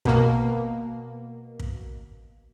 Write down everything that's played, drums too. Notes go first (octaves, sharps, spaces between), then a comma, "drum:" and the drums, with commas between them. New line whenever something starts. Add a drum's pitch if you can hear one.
B2 A#3, drum: kick
drum: kick